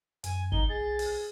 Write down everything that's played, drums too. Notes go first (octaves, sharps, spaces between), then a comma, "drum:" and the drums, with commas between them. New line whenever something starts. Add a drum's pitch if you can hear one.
F#2 G#5, drum: hi-hat
D#4 G7, drum: kick G1
B1 G#4 A6
drum: open hi-hat